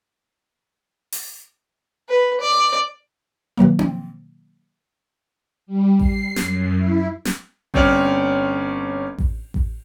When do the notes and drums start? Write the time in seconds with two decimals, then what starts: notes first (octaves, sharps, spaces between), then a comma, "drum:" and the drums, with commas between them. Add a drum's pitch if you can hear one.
1.12 drum: open hi-hat
2.09 B4
2.40 D5
3.57 B2 D#3 F#3 A#3
3.79 drum: tom C4
5.66 G3
5.99 C7, drum: kick A1
6.36 F#2, drum: snare
6.76 E4
7.25 drum: snare
7.74 G1 C4 C#4 C#5 D5 F6, drum: kick A1
9.18 drum: kick A1
9.54 drum: kick A1